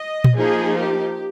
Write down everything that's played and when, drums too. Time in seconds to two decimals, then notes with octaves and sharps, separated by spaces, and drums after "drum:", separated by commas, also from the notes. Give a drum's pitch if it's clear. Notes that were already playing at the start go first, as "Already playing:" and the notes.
Already playing: D#5
0.24 drum: tom A#2
0.36 F3 A#3 D#4 G#4
0.77 G4